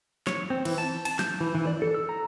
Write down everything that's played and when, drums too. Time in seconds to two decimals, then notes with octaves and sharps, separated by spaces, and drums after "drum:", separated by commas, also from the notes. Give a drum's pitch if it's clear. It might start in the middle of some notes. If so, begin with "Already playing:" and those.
0.27 C#5, drum: snare
0.50 C4
0.65 E3, drum: cymbal
0.78 A5
1.05 A5, drum: cymbal
1.19 G6, drum: snare
1.41 E3
1.55 E3
1.67 D5
1.82 A4
1.94 E6
2.09 A#5